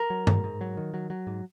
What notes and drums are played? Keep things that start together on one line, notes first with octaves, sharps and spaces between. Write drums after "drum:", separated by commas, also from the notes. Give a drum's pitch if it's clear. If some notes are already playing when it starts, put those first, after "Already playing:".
Already playing: A#4
F#3
G#2, drum: tom G2
G#2
F#3
D#3
F#3
F#3
G#2